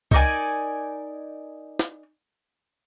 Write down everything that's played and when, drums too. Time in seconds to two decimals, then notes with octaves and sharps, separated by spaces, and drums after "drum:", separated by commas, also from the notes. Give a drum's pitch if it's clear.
0.11 D#4 A#4 D5 G#5, drum: kick
1.79 drum: snare